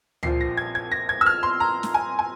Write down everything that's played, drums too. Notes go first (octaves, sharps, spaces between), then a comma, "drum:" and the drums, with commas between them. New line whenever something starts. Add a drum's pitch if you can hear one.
A#1 A#2 F3 C7, drum: tom C#2
A#6
G#6
G#6
A#6
G#6
E6
F6
C6
A#5
drum: snare
G#5
G#5